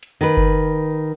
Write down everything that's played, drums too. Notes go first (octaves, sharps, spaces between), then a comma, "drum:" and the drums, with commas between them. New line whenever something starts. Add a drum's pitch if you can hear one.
drum: hi-hat
D#3 B4
drum: kick F#1